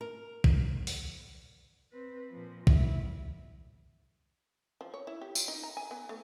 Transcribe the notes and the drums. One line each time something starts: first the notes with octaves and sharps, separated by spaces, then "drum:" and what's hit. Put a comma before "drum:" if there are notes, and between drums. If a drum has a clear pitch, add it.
A#4
drum: kick
drum: open hi-hat
C4 B4
A#2 F3
E4, drum: kick
F3
C#5
E4
G4
F4, drum: tambourine
D#4
A#5
G#5
B3
A3